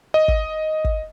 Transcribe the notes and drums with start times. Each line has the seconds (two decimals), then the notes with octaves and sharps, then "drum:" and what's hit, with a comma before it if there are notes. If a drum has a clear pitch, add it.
0.14 D#5
0.28 drum: kick
0.84 drum: kick